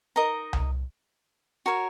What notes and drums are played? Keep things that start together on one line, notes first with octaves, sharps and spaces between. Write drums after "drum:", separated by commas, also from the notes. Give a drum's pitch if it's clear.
D#4 A#4 D#5 A#5
drum: tom C2
F#4 A#4 C#5